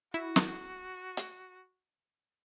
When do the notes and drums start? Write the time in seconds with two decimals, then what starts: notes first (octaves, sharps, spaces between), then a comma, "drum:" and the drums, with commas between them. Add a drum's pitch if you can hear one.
0.14 E4 F#4
0.36 drum: snare
1.17 drum: hi-hat